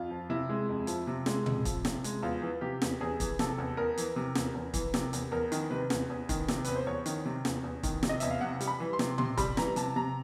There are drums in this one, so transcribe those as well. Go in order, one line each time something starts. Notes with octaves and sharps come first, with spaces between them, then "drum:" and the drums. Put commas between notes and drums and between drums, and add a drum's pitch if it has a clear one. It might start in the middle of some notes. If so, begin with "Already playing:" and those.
Already playing: F2 F4
F3
C3 E4
G#3
F2
F3, drum: hi-hat
C3
G#3, drum: snare
F2, drum: tom A#2
F3, drum: kick, hi-hat
C3, drum: snare
G#3, drum: hi-hat
E2 F4
E3
C3 G4
E2, drum: snare
E2 G#4
E3, drum: kick, hi-hat
C3 A4, drum: snare
E2
E2 A#4
E3, drum: hi-hat
C3
E2, drum: snare
E2
E3, drum: kick, hi-hat
C3, drum: snare
E2, drum: hi-hat
E2 A#4
D#3, drum: hi-hat
C3 B4
E2, drum: snare
E2
D#3, drum: kick, hi-hat
C3, drum: snare
E2 B4, drum: hi-hat
C5
E2 C#5
D#3, drum: hi-hat
C3
E2, drum: snare
E2
D#3, drum: kick, hi-hat
C3, drum: snare
D#5
E2 E5, drum: hi-hat
F5
C3 F#5
G3, drum: hi-hat
B5
E3
C6
C3, drum: snare
C3 C6, drum: tom A#2
G3 B5, drum: kick, hi-hat
E3 A#5, drum: snare
C3 A5, drum: hi-hat
C3 A#5